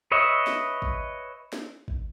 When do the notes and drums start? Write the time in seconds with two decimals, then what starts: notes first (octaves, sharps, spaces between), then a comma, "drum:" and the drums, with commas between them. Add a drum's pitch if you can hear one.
0.12 B4 C#5 D#5 E5
0.47 drum: snare
0.82 drum: kick
1.53 drum: snare
1.88 drum: kick